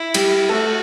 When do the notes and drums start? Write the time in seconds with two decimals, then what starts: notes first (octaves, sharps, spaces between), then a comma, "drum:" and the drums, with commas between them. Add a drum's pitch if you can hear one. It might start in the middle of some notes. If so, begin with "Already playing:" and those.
Already playing: E4
0.14 G3 G4, drum: cymbal
0.49 A3 F#4 A4